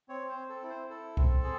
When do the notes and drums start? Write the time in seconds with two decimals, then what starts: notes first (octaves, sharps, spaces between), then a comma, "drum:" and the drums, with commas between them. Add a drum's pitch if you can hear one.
0.09 C4 C#5
0.29 C5
0.36 C4
0.49 A4
0.63 E4
0.70 C5
0.90 E4 A4
1.17 C4, drum: kick C2
1.44 G#4